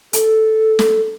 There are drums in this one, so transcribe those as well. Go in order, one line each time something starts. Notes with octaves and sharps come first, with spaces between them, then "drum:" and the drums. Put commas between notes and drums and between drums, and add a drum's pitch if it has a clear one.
A4, drum: hi-hat
drum: snare